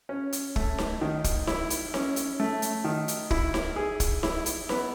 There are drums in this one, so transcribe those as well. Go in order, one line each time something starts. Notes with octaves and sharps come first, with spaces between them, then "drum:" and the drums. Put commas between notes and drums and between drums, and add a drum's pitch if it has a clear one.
C#4
drum: hi-hat
A3, drum: kick
drum: snare D#4
D#3
drum: kick, hi-hat
E4, drum: snare D#4
drum: hi-hat
C#4, drum: snare D#4
drum: hi-hat
A3
drum: hi-hat
D#3
drum: hi-hat
E4, drum: kick
drum: snare D#4
G#4
drum: kick, hi-hat
E4, drum: snare D#4
drum: hi-hat
B3, drum: snare D#4